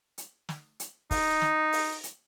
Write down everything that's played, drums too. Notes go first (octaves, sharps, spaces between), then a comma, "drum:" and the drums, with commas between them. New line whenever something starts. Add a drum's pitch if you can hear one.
drum: hi-hat
drum: snare
drum: hi-hat
D#4, drum: kick, open hi-hat
drum: snare
drum: open hi-hat
drum: hi-hat